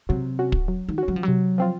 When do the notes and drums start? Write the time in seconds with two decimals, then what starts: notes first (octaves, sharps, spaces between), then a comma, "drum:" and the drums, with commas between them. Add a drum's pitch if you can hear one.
0.09 C3 F#3
0.39 C#4 F#4
0.52 drum: kick
0.68 F#3
0.89 D#3
0.98 C#4 F#4
1.08 F#3
1.16 F3
1.23 F#3
1.28 C3
1.58 F3 C4 F4